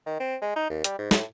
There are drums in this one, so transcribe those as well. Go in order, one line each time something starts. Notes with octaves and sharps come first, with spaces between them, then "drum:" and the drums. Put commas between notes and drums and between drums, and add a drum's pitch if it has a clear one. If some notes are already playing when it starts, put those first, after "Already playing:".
D#3
C4
G#3
D#4
D#2
G3, drum: hi-hat
G#2
A2, drum: snare